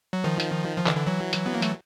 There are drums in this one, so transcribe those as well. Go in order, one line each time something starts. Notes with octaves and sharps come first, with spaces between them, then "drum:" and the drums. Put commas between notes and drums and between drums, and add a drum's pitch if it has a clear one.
F#3
D#3 F3
drum: hi-hat
F3
D3 E3, drum: clap
D3 E3
E3 F#3
drum: hi-hat
B3
A#3
A3, drum: hi-hat